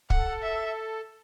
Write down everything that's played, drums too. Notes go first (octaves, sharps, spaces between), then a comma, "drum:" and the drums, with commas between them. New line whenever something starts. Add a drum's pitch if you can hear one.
A4 F#5, drum: kick
E5